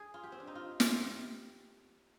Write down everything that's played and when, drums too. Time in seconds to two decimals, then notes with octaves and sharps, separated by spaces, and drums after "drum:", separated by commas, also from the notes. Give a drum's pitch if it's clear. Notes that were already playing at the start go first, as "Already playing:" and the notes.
Already playing: G#4
0.14 F4
0.23 G4
0.32 C4
0.40 D4
0.47 D#4
0.55 F4
0.80 F4, drum: snare
0.87 G4